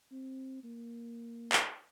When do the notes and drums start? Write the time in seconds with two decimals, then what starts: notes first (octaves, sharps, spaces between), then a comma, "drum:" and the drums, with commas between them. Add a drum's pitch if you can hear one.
0.12 C4
0.64 A#3
1.52 drum: clap